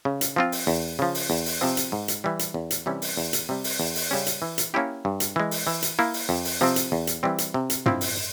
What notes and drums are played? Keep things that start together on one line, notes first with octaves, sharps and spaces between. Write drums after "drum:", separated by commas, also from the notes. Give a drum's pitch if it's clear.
C#3
drum: hi-hat
F3 C4 F4
drum: open hi-hat
E2
C#3 F3
drum: open hi-hat
E2
drum: open hi-hat
C3 F3 C4
drum: hi-hat
G#2
drum: hi-hat
E3 G3
drum: hi-hat
E2
drum: hi-hat
C3 E3 G3 C#4
drum: open hi-hat
E2
drum: hi-hat
C3 G3
drum: open hi-hat
E2
drum: open hi-hat
C#3 G3 C#4
drum: hi-hat
E3
drum: hi-hat
A#3 C#4 E4 G4
G2
drum: hi-hat
E3 G#3
drum: open hi-hat
E3
drum: hi-hat
A#3 E4
drum: open hi-hat
F2
drum: open hi-hat
C3 F3 C4
drum: hi-hat
E2
drum: hi-hat
E3 G3 C4
drum: hi-hat
C3
drum: hi-hat
F3 C4 E4, drum: tom
drum: open hi-hat